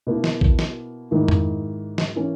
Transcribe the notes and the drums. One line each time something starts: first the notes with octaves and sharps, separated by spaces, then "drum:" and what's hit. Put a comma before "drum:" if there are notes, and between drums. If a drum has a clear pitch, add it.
B2 A#3 E4
drum: snare
drum: kick A#1
drum: snare
G#2 D#3 A#3 E4
drum: tom F2
drum: snare
E3 A#3 C#4